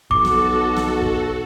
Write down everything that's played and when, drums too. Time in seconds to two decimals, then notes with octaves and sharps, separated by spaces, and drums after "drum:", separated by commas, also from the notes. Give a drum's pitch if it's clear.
0.11 B1 F#4 A4 D6, drum: kick
0.25 drum: snare
0.77 drum: snare
1.02 drum: kick